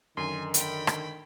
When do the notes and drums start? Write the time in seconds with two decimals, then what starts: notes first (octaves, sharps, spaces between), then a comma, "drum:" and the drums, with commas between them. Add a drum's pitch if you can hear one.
0.17 F#2 D3 D#3 G#5 C6
0.54 G5 B5, drum: hi-hat
0.87 drum: rim click